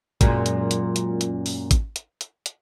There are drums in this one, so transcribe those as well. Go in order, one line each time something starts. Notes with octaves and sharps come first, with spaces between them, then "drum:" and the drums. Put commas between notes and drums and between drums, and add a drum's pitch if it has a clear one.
F#2 A#2 G#3, drum: kick, hi-hat
drum: hi-hat
drum: hi-hat
drum: hi-hat
drum: hi-hat
drum: open hi-hat
drum: kick, hi-hat
drum: hi-hat
drum: hi-hat
drum: hi-hat